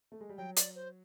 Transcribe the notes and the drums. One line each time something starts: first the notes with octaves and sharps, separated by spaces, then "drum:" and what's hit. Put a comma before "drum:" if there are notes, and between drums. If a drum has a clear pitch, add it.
A3
G#3
G3
F#3 G5
D5, drum: hi-hat
C5